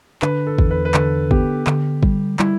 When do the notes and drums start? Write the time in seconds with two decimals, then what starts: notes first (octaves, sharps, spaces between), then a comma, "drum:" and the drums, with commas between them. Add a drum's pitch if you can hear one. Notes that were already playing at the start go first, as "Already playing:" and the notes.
0.22 D3 B4, drum: clap
0.47 A4
0.58 E2, drum: kick
0.71 B4
0.85 B4
0.94 D3 A4, drum: clap
1.31 B3 G4, drum: kick
1.67 D3, drum: clap
2.03 G3, drum: kick
2.39 G3 E4, drum: clap